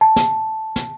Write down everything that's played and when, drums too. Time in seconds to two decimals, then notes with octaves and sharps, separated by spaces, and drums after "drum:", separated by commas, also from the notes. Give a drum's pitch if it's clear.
0.01 A5
0.16 drum: snare
0.76 drum: snare